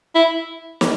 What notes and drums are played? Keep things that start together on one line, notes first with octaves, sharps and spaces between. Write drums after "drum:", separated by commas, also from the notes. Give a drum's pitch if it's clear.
E4
drum: snare